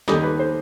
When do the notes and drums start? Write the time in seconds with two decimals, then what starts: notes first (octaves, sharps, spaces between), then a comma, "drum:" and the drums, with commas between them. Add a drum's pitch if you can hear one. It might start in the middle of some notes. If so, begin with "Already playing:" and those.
0.08 D#2 D#3 G3 D#4 G4, drum: snare
0.23 B4
0.39 C5